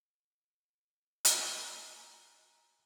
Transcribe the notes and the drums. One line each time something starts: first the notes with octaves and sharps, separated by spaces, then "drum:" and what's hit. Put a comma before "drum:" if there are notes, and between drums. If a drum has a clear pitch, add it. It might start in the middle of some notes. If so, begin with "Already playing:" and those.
G#5 A#5 F#6 G#6, drum: hi-hat